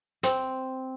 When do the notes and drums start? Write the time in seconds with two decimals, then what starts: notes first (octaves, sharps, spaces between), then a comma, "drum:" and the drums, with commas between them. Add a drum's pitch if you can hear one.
0.23 C4, drum: hi-hat